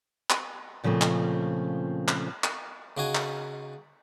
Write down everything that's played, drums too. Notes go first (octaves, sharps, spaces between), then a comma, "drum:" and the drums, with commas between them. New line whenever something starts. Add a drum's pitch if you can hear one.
drum: clap
A#2 C#3 F3 A3 C4
drum: clap
drum: clap
drum: clap
C#3 D#4 F#4 G#5
drum: clap